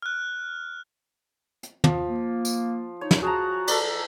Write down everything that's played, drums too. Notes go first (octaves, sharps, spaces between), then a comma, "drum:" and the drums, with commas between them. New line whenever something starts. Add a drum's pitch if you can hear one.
F6 F#6
drum: hi-hat
F3, drum: tom
A#3
drum: tambourine
D#4 C#5
drum: snare
F#4 G#4 A5 A#5
A4 A#4 D5, drum: cymbal